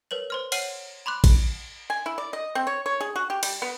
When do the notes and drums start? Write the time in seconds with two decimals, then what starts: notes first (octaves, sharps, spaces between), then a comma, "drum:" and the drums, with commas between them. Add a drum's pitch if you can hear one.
0.11 A#4 B4 C#5 F#7
0.30 C5 C6 F6
0.52 C#5 F#5 F6 C7 D#7 F#7, drum: cymbal
1.06 B5 C6 D6 F#6
1.24 drum: kick A1, cymbal
1.90 G#5
2.06 E4
2.18 D5
2.33 D#5
2.55 C4
2.67 C#5
2.86 C#5
3.01 G#4
3.16 F#4
3.30 G4
3.43 G3, drum: cymbal
3.62 B3